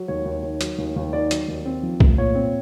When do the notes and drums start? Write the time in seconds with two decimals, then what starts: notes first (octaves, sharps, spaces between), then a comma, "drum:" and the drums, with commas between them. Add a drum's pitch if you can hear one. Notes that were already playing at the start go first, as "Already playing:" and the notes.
Already playing: F#3
0.08 D#2 C#5
0.25 D#2
0.43 D#3
0.61 F#3, drum: hi-hat
0.78 D#2
0.96 D#2
1.13 D#3 D5
1.31 F#3, drum: hi-hat
1.48 D#2
1.66 C4
1.83 F3
2.00 A3, drum: kick C2
2.18 A#2 C#5
2.35 C4